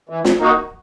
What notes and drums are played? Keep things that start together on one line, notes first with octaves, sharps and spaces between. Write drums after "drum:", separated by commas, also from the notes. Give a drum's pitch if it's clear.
E3
drum: snare
A#3 D#4 F#4